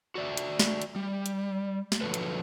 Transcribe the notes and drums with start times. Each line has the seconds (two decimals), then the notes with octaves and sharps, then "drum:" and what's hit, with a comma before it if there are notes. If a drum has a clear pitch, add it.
0.15 F#4 D5 E5
0.37 drum: hi-hat
0.60 drum: snare
0.82 drum: hi-hat
0.96 G3
1.26 drum: hi-hat
1.92 drum: snare
2.01 D3 F3 F#3 F#4 A4 B4
2.14 drum: hi-hat